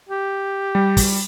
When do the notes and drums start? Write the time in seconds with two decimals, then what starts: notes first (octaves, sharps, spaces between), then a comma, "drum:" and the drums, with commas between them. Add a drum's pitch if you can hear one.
0.10 G4
0.75 G3
0.97 drum: kick, open hi-hat